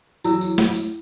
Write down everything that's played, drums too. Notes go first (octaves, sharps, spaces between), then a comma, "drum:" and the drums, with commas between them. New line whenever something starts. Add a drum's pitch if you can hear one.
E2 F#3 E4 E6, drum: tambourine
drum: tambourine
drum: snare
drum: tambourine